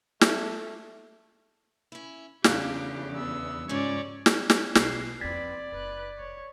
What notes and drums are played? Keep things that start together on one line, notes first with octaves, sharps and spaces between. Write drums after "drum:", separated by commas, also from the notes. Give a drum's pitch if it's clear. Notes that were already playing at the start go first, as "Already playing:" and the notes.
A3, drum: snare
C#4 E4
E2 C#3 A3 D4 G4 F5 F#6, drum: snare
B3 E6
G#2 C#3 F3 G3 C#4 C#5 D5
drum: snare
drum: snare
B1 B2 B4 C7, drum: snare
F#1 F2 C4 B4 D5 G#6 A6 B6
F#1 D#4 B4 F#6
F1 C#5